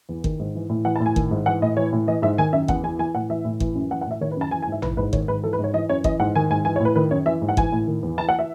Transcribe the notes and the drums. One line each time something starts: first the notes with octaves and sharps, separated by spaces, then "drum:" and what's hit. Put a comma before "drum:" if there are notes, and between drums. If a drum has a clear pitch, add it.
E2
D#3, drum: kick G1
G#2
E3
A2
E3 F#5
A5
A2
G#5
D#3, drum: kick G1
G#2
E3 F#5
A2 D#5
E3 C#5
A2
E3 D#5
G#2 E5
D#3 G#5
F#2 E5
E2 F#5, drum: kick G1
E3 G#5
E3 G#5
A2 F#5
E3 E5
A2
E3, drum: kick G1
F#2
E3 F#5
F#5
A2 E5
D#3 C#5
B4
F#2 A5
E3 G#5
G#5
G#2 E5
E3 B4, drum: tom A1
G#2 B4
D#3 C#5, drum: kick G1
G#2 B4
E3 A4
B4
G#2
C#5
E3 D#5
F#2 C#5
E3 D#5, drum: kick G1
G#2 F#5
D#3 G#5
G#2 G#5
E3 G#5
C#5
A2 B4
D#3 B4
F#2 C#5
E3 E5
G#2
F#5
E3 G#5, drum: kick G1
A2
D#3
E2
E3 A5
F#5
E5